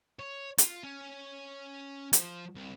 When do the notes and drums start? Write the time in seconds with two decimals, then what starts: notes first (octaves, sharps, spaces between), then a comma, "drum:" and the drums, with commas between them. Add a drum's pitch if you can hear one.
0.19 C#5
0.58 F4, drum: hi-hat
0.83 C#4
2.13 F3, drum: hi-hat
2.55 C2